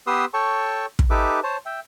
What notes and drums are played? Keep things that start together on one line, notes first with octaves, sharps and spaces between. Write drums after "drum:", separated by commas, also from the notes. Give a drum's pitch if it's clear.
B3 G4 B4 C6 D#6 E6
A4 C#5 G5 A5 C#6
drum: kick
D#4 G4 A4 B4 E5 D6
C5 C#5 A5
E5 G5